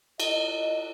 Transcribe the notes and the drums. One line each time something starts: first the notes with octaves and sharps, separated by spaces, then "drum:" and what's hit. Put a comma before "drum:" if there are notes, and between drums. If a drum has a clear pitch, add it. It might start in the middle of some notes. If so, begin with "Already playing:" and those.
D#5, drum: cymbal